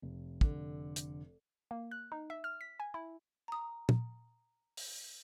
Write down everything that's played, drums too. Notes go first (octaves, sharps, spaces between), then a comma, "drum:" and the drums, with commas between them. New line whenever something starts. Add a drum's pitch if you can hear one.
F1
D3, drum: kick
drum: hi-hat
A#3
F#6
D#4
E5
F6
B6
G#5
E4
A#5 D#6
drum: tom
drum: open hi-hat